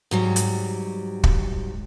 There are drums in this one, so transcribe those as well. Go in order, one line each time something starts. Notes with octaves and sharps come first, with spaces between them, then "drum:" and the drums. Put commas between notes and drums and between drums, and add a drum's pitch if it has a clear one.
G#2 F#3 G3
drum: hi-hat
drum: kick